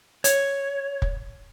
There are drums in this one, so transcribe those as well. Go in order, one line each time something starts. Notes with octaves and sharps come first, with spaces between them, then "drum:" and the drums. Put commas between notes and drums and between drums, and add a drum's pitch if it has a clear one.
C#5, drum: hi-hat
drum: kick